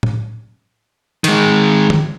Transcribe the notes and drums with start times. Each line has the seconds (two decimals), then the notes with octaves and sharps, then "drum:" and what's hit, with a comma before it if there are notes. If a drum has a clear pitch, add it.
0.03 drum: tom A2
1.24 D#3 G#3, drum: hi-hat
1.90 drum: tom